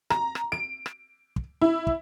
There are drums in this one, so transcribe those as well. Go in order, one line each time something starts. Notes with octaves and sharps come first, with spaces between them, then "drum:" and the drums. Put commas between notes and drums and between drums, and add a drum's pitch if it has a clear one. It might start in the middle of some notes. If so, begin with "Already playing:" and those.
A#5, drum: rim click
drum: rim click
D7
drum: rim click
drum: kick
E4
drum: kick